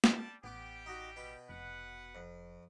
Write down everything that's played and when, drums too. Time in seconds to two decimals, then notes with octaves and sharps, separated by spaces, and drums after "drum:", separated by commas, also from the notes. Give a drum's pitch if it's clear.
0.04 drum: snare
0.13 G3 D5 A5
0.44 A1 G3 B3 G4 D6
0.86 D#4 F#4
1.16 B2 G5 B5
1.49 F1 B4 F#5
2.15 F2